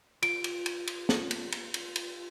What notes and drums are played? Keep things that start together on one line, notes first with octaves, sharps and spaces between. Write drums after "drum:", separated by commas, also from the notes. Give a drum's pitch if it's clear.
F4 D7, drum: cymbal
drum: cymbal
drum: cymbal
drum: cymbal
drum: snare
drum: cymbal
drum: cymbal
drum: cymbal
drum: cymbal